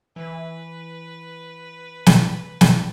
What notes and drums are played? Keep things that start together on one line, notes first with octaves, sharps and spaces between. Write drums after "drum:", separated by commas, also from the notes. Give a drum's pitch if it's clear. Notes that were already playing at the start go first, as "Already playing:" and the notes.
E3 B4
drum: snare
drum: snare